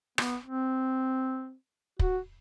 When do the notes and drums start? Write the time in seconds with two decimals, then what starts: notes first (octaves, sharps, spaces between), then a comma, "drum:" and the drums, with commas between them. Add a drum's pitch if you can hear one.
0.18 B3, drum: rim click
0.45 C4
1.99 F#4, drum: kick